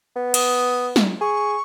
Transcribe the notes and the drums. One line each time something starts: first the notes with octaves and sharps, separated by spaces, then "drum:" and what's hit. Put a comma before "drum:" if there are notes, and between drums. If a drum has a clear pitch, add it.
B3
D#6, drum: cymbal
drum: snare
G#4 C#6